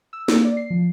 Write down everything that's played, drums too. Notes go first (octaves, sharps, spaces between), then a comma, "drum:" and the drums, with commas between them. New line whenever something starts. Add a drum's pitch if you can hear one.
E6
A#3, drum: snare
D5
C7
F3